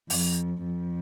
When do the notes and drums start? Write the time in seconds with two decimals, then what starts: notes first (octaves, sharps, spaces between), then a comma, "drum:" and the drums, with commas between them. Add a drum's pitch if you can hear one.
0.10 F2, drum: open hi-hat
0.64 F2